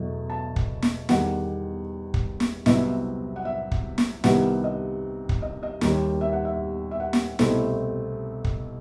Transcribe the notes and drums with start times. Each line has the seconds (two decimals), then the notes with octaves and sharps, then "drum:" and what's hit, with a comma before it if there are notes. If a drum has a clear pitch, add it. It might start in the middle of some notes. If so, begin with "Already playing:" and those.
Already playing: E2 B2 F#3 A3
0.30 A5
0.56 drum: kick
0.82 drum: snare
1.09 E2 D#3 G3 F#5, drum: snare
2.14 drum: kick
2.40 drum: snare
2.66 C2 C3 F#3 B3 E4 D#5, drum: snare
3.36 F#5
3.45 E5
3.71 drum: kick
3.98 drum: snare
4.24 C2 C3 D#3 G3 B3 F#5, drum: snare
4.64 D#5
5.29 drum: kick
5.42 D#5
5.63 D#5
5.81 D#2 D#3 G3 D#4, drum: snare
6.21 E5
6.33 F#5
6.45 E5
6.91 E5
7.00 F#5
7.13 drum: snare
7.39 C2 B2 A3 C4 E4, drum: snare
8.44 drum: kick